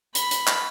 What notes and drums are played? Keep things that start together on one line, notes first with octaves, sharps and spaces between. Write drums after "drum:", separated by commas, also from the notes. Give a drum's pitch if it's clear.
B5, drum: hi-hat
drum: hi-hat
drum: clap